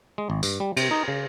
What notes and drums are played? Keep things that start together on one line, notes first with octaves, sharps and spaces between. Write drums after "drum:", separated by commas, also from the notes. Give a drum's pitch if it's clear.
G#3
G#1
G2, drum: tambourine
G3
C3, drum: cymbal
D#4
C#3